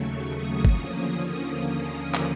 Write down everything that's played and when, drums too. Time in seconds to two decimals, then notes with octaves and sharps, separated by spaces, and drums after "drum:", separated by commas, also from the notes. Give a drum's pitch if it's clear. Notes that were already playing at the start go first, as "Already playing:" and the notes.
Already playing: D#2 C#3 F#3 A3 C#6
0.27 D#6
0.65 D#2 D3 F3 A#3 C#4 D#6, drum: kick G1
2.14 drum: clap